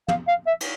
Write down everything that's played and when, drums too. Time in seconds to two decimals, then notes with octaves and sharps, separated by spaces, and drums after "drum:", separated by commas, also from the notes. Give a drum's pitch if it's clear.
0.08 F5, drum: tom
0.28 F5
0.47 E5
0.60 drum: cymbal